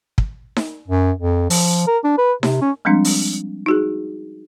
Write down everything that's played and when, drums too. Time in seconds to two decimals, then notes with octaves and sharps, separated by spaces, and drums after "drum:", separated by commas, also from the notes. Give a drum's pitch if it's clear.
0.18 drum: kick
0.56 drum: snare D#4
0.88 F#2
1.18 F2
1.50 F3, drum: open hi-hat
1.87 A#4
2.04 D4
2.18 B4
2.43 C3, drum: snare D#4
2.62 C#4
2.85 F3 G3 G#3 C4 D4
3.05 drum: open hi-hat
3.66 D#4 F#4 G#4